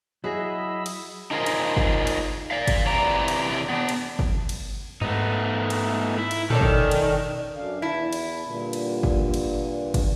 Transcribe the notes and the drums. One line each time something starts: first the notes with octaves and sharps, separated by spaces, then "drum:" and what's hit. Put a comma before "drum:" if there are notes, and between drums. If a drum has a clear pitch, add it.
F#3 E4 F#4 G#4 D#5 B5 E6
drum: cymbal
D#4 F4 G#4 A#4 C5
drum: cymbal
drum: kick
drum: cymbal
D5 F5
drum: kick, cymbal
C3 E3 D5 A#5
drum: cymbal
B3 D4
drum: cymbal
drum: kick
drum: cymbal
G#2 A3 B3 D#4
drum: cymbal
E4
drum: cymbal
B2 D#3 C#4 D4 A4
drum: kick
drum: cymbal
F#2 D4 F5
E2 E4 A5
drum: cymbal
G2 A#2 D3
drum: cymbal
drum: kick
drum: cymbal
drum: kick, cymbal